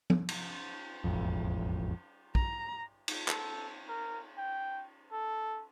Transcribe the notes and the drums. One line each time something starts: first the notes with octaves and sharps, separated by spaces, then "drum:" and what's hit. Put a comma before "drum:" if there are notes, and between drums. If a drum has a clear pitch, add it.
drum: tom
drum: cymbal
E1 A1 F2
A#5, drum: kick A#1
drum: cymbal
A4, drum: clap
A#4
G5
A4